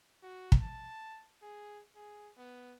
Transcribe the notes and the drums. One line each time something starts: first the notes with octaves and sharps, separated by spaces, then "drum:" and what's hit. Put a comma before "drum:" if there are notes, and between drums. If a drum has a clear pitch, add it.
F#4
drum: kick
A5
G#4
G#4
B3